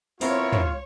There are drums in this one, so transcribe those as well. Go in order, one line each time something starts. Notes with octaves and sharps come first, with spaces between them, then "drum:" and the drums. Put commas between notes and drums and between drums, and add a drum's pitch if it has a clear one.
B3 C4 E4 F4 A#4 C#5, drum: open hi-hat
drum: tom